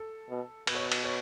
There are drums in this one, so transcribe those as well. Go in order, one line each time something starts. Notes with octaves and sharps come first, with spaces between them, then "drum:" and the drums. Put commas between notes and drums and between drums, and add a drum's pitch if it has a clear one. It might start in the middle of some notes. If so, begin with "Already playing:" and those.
Already playing: A4
B2
B2 B4, drum: cymbal
C#5
B4
drum: cymbal
C#5